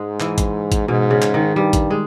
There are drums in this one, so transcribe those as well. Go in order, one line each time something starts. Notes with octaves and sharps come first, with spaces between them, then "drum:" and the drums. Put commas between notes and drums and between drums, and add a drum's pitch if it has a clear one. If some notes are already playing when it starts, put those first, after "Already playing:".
Already playing: G#2 G#3
E3, drum: clap
drum: kick, hi-hat
drum: kick, hi-hat
G#2 B2
C#3
drum: clap
D#3
G2 G3
drum: kick, hi-hat
G#3